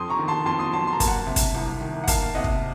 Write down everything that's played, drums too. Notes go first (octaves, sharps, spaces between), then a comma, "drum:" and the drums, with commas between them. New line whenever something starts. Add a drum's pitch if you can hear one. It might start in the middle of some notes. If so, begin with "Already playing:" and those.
Already playing: F2 C6 D#6
A#5 C#6
D#3
A5 C6
F2 A5 C6
C6 D#6
F#3 A5 C6
C6
A#5
A#3 A5, drum: kick, hi-hat
F#5 A#5
C3
drum: kick, hi-hat
C2
D#3
F#5
A#3 F5 A5, drum: kick, hi-hat
C3 D#5 F#5
drum: kick